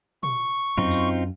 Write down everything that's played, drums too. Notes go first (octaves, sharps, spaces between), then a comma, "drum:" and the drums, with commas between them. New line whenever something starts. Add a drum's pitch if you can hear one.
C#6, drum: tom A#2
F#2 C4 D#4 F4, drum: tom E2
drum: tambourine